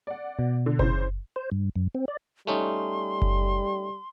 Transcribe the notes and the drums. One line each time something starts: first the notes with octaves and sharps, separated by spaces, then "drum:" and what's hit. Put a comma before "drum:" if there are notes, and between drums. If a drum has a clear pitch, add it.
D5 F#5
B2
D3
C#3 E3 C5, drum: kick F#1
C5
G2
F#2
C4
D5
G3 A3 C#4 D#4 C6
drum: kick F#1